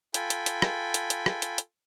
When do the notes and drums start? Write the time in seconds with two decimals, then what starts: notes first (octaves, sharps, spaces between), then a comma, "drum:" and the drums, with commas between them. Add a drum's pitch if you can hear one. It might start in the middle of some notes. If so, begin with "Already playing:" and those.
0.14 F4 A4 G5 G#5 B5, drum: hi-hat
0.30 drum: hi-hat
0.46 drum: hi-hat
0.62 drum: rim click
0.94 drum: hi-hat
1.10 drum: hi-hat
1.26 drum: rim click
1.42 drum: hi-hat
1.58 drum: hi-hat